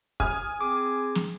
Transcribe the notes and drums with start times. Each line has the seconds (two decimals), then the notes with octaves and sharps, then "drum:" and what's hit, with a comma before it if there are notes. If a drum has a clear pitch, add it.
0.20 G#5 D#6 F6, drum: kick
0.61 C4 G#4 D6
1.15 drum: snare